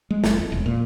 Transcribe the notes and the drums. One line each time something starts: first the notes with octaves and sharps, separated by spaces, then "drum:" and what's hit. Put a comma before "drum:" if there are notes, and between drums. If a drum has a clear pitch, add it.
G#3
F#1, drum: snare
F2
E1
A#2